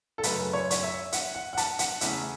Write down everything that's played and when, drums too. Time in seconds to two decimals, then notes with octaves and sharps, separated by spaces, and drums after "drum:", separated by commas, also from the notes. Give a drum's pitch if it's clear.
0.18 A4
0.23 F#2 C#3 A3 B4, drum: hi-hat
0.53 C#5
0.71 C#5, drum: hi-hat
0.83 E5
1.12 F#5, drum: hi-hat
1.35 F#5
1.53 F#5
1.57 A5, drum: hi-hat
1.79 F#5, drum: hi-hat
2.01 E2 C#3 A3 E5, drum: hi-hat